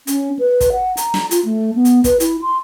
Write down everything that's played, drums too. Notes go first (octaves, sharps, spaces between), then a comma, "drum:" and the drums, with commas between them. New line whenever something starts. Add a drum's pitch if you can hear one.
C#4, drum: hi-hat
B4
drum: kick, hi-hat
F#5
A#5, drum: hi-hat
drum: snare
F4, drum: hi-hat
A3
B3
drum: hi-hat
B4, drum: kick, hi-hat
E4, drum: hi-hat
C6